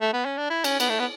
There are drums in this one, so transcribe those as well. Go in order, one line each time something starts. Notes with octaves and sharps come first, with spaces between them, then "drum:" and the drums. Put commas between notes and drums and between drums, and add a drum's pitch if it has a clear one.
A3
B3
C#4
D4
E4
C#4, drum: cymbal
B3, drum: cymbal
A3
B3